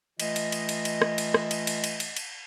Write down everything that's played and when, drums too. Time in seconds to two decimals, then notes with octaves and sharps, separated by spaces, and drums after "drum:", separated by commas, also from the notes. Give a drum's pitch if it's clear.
0.20 E3 A3 F4 D#5, drum: cymbal
0.36 drum: cymbal
0.52 drum: cymbal
0.69 drum: cymbal
0.85 drum: cymbal
1.02 drum: rim click
1.18 drum: cymbal
1.34 drum: rim click
1.51 drum: cymbal
1.67 drum: cymbal
1.84 drum: cymbal
2.00 drum: cymbal
2.16 drum: cymbal